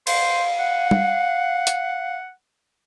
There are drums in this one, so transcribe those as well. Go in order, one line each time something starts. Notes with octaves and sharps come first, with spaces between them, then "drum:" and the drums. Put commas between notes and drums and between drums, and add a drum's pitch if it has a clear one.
C5 F5, drum: cymbal
F#5
drum: tom G3
drum: hi-hat